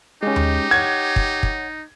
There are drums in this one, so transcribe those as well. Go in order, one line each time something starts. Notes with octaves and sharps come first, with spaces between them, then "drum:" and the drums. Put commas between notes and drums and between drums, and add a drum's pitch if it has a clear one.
G#3 C#4 D#4 G4
drum: tom D#2
C#5 F#5 G#6
drum: kick
drum: kick